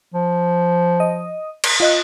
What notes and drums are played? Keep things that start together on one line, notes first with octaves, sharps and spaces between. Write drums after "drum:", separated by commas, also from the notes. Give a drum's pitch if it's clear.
F3
D#5
drum: cymbal
F4 D#5 F#6